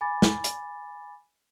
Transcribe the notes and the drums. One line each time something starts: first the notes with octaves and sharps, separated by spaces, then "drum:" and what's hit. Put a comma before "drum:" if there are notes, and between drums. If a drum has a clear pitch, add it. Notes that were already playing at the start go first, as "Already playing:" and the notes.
G#5 B5 D6 A6
drum: snare
drum: hi-hat